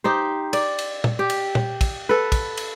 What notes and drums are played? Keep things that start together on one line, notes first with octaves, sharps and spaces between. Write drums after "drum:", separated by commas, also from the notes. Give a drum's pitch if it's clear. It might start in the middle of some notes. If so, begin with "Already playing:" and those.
D#4 G4 C5
D5, drum: cymbal
drum: cymbal
drum: tom
G4
drum: cymbal
drum: tom
drum: kick, cymbal
A4 B4
drum: kick, cymbal
drum: cymbal